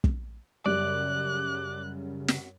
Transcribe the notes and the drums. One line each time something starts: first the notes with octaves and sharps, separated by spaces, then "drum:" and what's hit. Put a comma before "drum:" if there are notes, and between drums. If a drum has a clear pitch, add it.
drum: kick
F#2 C#3 G3 D5 F#6
drum: snare